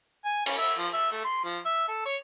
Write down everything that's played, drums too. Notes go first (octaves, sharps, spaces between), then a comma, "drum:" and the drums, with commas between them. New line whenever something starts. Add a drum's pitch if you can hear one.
G#5
C#4, drum: cymbal
E5
F3
E5
A3
C6
F3
E5
A4
C#5